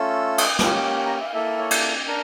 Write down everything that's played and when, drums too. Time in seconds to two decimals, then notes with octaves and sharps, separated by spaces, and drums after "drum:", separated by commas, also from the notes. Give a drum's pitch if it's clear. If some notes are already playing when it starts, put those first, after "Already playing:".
Already playing: A3 C#4 F4 A4 E6
0.38 drum: cymbal
0.59 A#3 C#4 G4 D6, drum: snare
1.06 A#5
1.21 E5
1.24 F5
1.34 A#3 E4 A4 E5
1.59 C#5
1.71 D5, drum: cymbal
2.08 D4 A#4